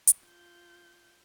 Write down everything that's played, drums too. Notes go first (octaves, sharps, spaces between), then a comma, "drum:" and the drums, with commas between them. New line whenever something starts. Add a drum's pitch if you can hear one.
drum: hi-hat
F4 G6